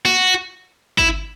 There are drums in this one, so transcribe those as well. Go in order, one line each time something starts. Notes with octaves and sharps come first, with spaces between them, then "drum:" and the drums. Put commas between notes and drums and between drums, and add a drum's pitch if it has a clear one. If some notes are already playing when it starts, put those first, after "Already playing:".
F#4, drum: snare
E4, drum: kick